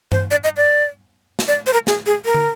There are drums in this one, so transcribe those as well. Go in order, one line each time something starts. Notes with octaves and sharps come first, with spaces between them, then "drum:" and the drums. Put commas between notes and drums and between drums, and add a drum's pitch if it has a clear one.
C5, drum: tom G2
D5
D#5
D5
drum: snare
D5
C5
A#4
G#4, drum: snare
G#4
A#4
drum: tom